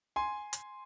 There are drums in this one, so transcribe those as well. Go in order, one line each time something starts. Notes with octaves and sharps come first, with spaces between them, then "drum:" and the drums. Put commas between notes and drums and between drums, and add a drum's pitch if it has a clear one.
G#5 C6
drum: hi-hat